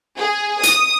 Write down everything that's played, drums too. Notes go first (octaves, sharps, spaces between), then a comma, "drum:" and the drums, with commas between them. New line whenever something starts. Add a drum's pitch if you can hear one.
G#4
D#6, drum: hi-hat